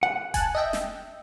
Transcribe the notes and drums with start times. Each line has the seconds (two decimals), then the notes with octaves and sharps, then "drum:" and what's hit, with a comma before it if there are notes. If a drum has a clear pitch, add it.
0.03 F#5
0.34 G#5 A5 F#6, drum: kick F1, hi-hat
0.55 D#5 E5 G5
0.73 drum: snare